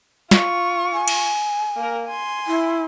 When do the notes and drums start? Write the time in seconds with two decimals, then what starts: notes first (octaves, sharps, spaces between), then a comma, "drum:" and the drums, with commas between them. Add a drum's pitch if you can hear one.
0.31 F4 C#6, drum: snare
0.93 G#5
1.08 drum: cymbal
1.77 A#3 A#4
2.07 G#5 C6
2.47 E4